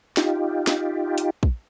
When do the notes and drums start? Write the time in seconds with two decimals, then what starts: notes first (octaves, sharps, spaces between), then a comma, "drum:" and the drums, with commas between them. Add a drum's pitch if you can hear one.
0.17 D#4 F4 G4, drum: snare
0.67 drum: snare
1.18 drum: hi-hat
1.43 drum: kick